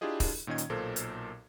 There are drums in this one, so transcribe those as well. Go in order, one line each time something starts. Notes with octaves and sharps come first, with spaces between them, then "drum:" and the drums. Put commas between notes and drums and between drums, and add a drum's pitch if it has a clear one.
D4 E4 F4 G4 G#4 D#5
drum: kick, open hi-hat
A#2 D#3 C#4 D#5 G#6
drum: hi-hat
B1 A#2 A4 A#4 C5
drum: hi-hat